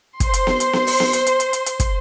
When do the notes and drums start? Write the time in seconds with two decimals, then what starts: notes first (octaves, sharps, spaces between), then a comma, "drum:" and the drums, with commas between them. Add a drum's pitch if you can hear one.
0.20 C5 C6, drum: kick, hi-hat
0.34 drum: hi-hat
0.47 drum: snare B3
0.60 drum: hi-hat
0.73 drum: snare B3
0.87 drum: open hi-hat
1.00 drum: snare B3
1.13 drum: hi-hat
1.26 drum: hi-hat
1.40 drum: hi-hat
1.53 drum: hi-hat
1.66 drum: hi-hat
1.80 drum: kick, hi-hat